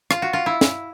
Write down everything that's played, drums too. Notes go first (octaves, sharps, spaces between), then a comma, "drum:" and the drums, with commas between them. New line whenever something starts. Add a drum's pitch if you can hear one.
F4, drum: rim click
F#4
F4
E4
drum: snare